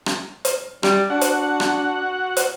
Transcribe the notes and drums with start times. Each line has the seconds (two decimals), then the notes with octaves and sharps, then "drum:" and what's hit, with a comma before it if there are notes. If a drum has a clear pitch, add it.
0.06 drum: rim click
0.45 drum: hi-hat
0.83 G3, drum: rim click
1.10 D4 F#4 F#5
1.21 drum: hi-hat
1.60 drum: rim click
2.37 drum: hi-hat